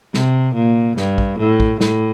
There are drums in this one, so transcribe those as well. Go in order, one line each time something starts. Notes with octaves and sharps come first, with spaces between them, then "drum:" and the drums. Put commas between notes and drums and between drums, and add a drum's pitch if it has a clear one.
C3, drum: snare
A#2
G2, drum: snare
drum: kick
A2
drum: kick
A2, drum: snare